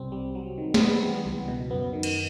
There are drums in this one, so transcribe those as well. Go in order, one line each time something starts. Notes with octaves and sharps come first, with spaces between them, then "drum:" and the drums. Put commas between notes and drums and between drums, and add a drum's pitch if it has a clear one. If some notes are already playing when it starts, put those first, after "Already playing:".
Already playing: C2 G3 C4
G3
F#3
D#3
C4, drum: snare
G3 B3
E3
C#2
B2
F#2 B3
D#3
drum: cymbal